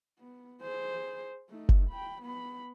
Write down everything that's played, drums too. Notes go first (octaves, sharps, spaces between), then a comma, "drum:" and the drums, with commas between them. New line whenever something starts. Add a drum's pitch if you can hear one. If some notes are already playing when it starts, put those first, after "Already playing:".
B3
G#4 C5
A3 D#4
drum: kick F#1
G5 B5
B3 B5